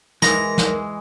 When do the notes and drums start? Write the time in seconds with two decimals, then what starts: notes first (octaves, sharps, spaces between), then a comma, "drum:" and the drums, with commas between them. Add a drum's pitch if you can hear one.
0.22 E3 G#3 A#4 A#5, drum: snare
0.58 drum: snare